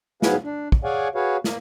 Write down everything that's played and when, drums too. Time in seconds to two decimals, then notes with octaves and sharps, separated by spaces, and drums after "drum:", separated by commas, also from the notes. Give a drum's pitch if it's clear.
0.22 G#2 F#3 B3 G#4 B4 F5, drum: snare
0.44 D4
0.72 drum: kick
0.84 G#4 C#5 D5 F5 F#5 G#5
1.15 F#4 G#4 B4 C#5 F5
1.44 A#3, drum: snare